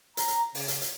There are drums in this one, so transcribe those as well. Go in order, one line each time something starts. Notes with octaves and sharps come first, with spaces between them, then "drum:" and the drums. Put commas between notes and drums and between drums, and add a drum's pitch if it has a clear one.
A#5, drum: hi-hat
drum: hi-hat
C#3, drum: open hi-hat
drum: hi-hat
drum: hi-hat